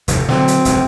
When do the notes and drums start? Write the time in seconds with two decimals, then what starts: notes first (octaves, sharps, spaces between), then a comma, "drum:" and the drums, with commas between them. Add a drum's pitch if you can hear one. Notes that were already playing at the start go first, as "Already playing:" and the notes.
0.08 F1 D#2 C3, drum: hi-hat
0.29 D3 F3 F#3 C4, drum: snare
0.48 drum: hi-hat
0.65 F1 F#2, drum: hi-hat